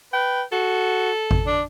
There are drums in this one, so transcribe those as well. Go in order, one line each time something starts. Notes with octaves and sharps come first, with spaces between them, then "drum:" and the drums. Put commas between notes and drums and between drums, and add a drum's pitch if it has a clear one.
B4 G5
F#4 A4
drum: kick G#1
D4